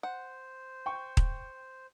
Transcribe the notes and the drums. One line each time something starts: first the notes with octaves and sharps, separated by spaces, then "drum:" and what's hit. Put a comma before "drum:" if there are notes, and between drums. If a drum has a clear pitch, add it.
C5 F#5
G5 C#6
drum: kick D#1